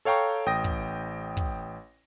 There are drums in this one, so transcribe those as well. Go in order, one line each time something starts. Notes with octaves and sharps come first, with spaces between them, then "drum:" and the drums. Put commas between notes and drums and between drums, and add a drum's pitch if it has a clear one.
A4 C#5 F5 G5 A#5 C#6
A1 G5 D#6 A#6
drum: kick
drum: kick